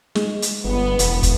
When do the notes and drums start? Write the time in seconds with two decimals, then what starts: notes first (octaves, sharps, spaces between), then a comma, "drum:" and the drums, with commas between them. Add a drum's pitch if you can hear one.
0.15 G#3, drum: snare
0.42 drum: hi-hat
0.65 G1 B3
0.99 E1, drum: hi-hat
1.23 drum: kick, hi-hat